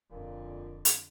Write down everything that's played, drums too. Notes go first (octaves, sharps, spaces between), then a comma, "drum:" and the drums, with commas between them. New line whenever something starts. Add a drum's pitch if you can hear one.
D#1 F2 A#2 D3
drum: hi-hat